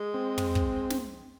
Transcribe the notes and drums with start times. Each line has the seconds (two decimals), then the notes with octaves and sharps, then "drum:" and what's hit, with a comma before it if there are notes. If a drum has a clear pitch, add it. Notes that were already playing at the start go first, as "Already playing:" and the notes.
Already playing: G#3
0.14 C4
0.38 drum: tom
0.55 drum: kick
0.90 drum: snare